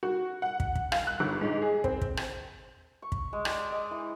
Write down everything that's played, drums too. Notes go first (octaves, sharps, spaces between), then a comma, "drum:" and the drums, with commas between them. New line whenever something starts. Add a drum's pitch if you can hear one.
F#4
F#5
drum: kick
drum: kick
F5, drum: rim click
F#6
G1
G#2
G#4
C4, drum: kick
drum: kick
drum: rim click
C#6
drum: kick
G#3
D5, drum: rim click
D#5
E3